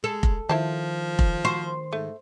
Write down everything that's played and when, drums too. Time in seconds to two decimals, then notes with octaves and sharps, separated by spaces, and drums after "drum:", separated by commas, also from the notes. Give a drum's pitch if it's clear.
0.04 G#3 A4
0.23 drum: kick F1
0.49 D#3 F3 E4 C5 A5
1.19 drum: kick F1
1.45 F#4 C5
1.93 G#2 A3